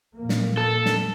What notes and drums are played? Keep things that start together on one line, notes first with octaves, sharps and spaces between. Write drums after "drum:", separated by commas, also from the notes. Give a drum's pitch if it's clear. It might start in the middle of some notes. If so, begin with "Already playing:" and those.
F2 A#2 A#3
drum: snare
A4
drum: snare